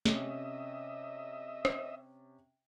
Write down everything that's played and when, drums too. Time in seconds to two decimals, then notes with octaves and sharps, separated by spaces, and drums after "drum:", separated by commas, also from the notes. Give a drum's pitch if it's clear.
0.05 C3 C#4 D#5 E5, drum: snare
1.65 drum: rim click